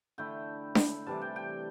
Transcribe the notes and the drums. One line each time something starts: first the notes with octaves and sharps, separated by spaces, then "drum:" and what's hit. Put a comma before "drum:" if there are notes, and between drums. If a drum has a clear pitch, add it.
D3 A3 E4 G5
drum: snare D4
C3 E3 G3 D4 A5
G5
G5